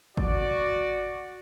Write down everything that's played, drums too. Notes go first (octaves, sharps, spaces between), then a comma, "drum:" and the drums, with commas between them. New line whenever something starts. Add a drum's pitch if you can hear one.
F#4 D5, drum: kick G1